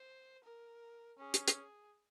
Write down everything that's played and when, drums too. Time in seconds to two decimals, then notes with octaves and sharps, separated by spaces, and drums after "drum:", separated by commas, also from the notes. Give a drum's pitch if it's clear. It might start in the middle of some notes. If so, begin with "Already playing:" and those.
Already playing: C5
0.44 A#4
1.18 C#4 G#4
1.34 drum: hi-hat
1.48 drum: hi-hat